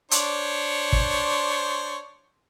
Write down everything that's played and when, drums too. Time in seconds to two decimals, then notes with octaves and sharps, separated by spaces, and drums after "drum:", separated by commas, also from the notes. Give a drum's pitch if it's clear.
0.11 D4 C5 C#5, drum: hi-hat
0.92 drum: kick